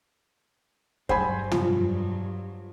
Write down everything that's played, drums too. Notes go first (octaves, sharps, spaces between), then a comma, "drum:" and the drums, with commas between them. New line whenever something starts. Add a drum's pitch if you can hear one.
G2 F#3 C5 G#5 B5, drum: kick
F3, drum: tom